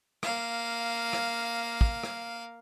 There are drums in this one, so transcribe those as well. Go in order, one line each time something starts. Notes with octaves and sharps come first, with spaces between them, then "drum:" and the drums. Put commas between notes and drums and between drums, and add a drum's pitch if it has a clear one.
A#3 F5, drum: rim click
drum: rim click
drum: kick
drum: rim click